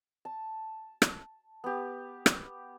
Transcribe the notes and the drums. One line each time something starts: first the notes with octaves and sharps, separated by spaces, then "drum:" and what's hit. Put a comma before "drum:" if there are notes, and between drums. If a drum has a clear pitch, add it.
A5
drum: rim click
B3 G4
drum: rim click